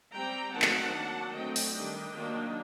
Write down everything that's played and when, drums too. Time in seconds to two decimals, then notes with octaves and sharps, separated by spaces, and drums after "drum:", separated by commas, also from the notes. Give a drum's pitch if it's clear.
0.12 G3 C4 G5 A#5
0.52 D#3 F#3 A3 C4 F#5 A5
0.62 drum: clap
0.93 F#3 A#3 D4
1.32 D3 F#3 A3 C4 D#5 G5
1.56 drum: open hi-hat
1.72 D#3 G3 D4 D#5 G5
2.12 D#3 F#3 A#3 D4